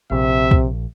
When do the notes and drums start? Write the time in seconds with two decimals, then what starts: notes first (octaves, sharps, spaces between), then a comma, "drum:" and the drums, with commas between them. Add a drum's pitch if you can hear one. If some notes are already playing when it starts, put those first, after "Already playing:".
0.12 A#1 C3 E5
0.51 drum: kick